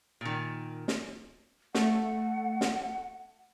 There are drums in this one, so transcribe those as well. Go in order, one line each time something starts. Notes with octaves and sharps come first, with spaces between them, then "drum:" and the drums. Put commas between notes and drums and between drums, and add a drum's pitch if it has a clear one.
A#2 D#3
drum: snare
A3 F#5, drum: snare
drum: snare